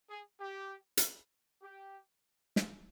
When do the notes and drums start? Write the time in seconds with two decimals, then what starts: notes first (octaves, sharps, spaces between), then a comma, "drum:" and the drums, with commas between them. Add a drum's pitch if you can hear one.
0.10 G#4
0.40 G4
0.97 drum: hi-hat
1.62 G4
2.56 drum: snare